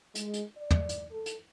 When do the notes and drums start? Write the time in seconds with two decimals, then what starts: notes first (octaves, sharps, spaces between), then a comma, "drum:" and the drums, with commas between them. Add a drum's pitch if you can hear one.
0.15 G#3, drum: hi-hat
0.34 drum: hi-hat
0.58 D5
0.71 drum: tom
0.89 drum: hi-hat
1.11 A4
1.26 drum: hi-hat